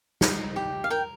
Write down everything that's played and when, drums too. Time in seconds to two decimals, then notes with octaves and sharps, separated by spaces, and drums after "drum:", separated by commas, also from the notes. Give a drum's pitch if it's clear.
0.21 D#4, drum: snare
0.56 G4
0.84 F5
0.90 A#4 G5